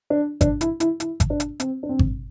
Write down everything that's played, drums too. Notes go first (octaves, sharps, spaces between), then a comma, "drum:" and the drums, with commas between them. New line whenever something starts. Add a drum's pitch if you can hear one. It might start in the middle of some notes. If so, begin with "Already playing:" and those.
D4
D4, drum: kick G#1, hi-hat
E4, drum: hi-hat
E4, drum: hi-hat
E4, drum: hi-hat
drum: kick G#1, hi-hat
D4
drum: hi-hat
C4, drum: hi-hat
D4
C4
drum: kick G#1